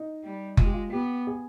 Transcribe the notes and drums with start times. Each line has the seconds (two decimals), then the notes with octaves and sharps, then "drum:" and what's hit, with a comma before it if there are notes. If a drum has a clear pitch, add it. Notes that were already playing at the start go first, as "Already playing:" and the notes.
Already playing: D#4
0.23 G3
0.57 G#3 F4, drum: kick F#1
0.66 G4
0.74 F4
0.92 B3 G4
1.27 G#4